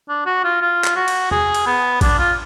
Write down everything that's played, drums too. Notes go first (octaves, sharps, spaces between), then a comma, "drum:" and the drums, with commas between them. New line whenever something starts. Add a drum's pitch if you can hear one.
D4
F#4
F4
F4
drum: clap
F#4
drum: cymbal
G#4, drum: tom E2
drum: cymbal
B3
D4, drum: kick A1, cymbal
F4